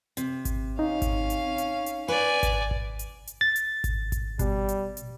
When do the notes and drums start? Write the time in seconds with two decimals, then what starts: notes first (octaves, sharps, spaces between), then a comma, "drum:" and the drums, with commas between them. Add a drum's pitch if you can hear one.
0.17 C3, drum: hi-hat
0.45 drum: kick G#1, hi-hat
0.79 C#4 D#4 F5
1.02 drum: kick G#1, hi-hat
1.30 drum: hi-hat
1.58 drum: hi-hat
1.86 drum: hi-hat
2.08 B4 D5 G#5
2.43 drum: kick G#1, hi-hat
2.71 drum: kick G#1
2.99 drum: hi-hat
3.27 drum: hi-hat
3.41 A6
3.56 drum: hi-hat
3.84 drum: kick G#1, hi-hat
4.12 drum: kick G#1, hi-hat
4.39 B2 G3, drum: kick G#1, hi-hat
4.69 drum: hi-hat
4.97 drum: hi-hat